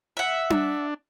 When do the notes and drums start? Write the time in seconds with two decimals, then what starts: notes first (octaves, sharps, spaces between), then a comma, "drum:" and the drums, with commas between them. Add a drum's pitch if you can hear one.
0.17 E5 F#5
0.50 D4, drum: tom D4